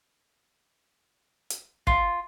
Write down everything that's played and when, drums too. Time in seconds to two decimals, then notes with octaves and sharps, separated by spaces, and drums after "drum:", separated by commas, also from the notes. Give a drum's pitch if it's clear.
1.50 drum: hi-hat
1.87 F4, drum: kick